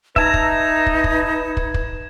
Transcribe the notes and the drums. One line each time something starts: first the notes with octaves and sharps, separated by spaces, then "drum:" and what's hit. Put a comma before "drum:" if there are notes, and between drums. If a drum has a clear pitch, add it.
D#4 B4 E5 A5 A#5 G#6 E7, drum: kick
drum: kick
drum: kick
drum: kick
drum: kick
drum: kick